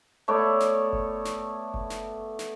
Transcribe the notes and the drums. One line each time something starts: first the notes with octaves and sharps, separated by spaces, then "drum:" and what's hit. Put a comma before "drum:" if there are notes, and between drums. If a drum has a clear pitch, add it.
A3 B3 C#5 D5
drum: snare
drum: kick F#1
drum: snare
drum: kick F#1
drum: snare
drum: snare